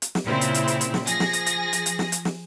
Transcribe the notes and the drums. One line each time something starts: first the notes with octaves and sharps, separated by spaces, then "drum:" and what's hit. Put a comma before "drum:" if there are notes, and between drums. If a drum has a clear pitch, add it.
drum: hi-hat
drum: snare
A#2 C#3 C4 E4
drum: hi-hat
drum: hi-hat
drum: hi-hat
drum: hi-hat
drum: snare
F3 G#4 A#6, drum: hi-hat
drum: snare
drum: hi-hat
drum: hi-hat
drum: hi-hat
drum: hi-hat
drum: snare
drum: hi-hat
drum: snare